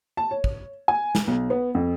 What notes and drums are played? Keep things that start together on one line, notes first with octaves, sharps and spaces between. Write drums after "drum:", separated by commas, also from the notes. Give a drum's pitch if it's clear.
A5
C#5
drum: kick
G#5
drum: snare
B1
B3
F2